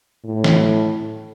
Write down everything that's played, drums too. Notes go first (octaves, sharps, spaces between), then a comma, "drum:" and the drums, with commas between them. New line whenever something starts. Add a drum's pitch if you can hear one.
A2
drum: snare